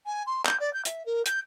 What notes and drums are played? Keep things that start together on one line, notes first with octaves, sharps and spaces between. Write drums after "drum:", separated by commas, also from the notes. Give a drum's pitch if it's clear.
G#5
C6
G6, drum: clap
D5
G6
E5, drum: hi-hat
A#4
G6, drum: hi-hat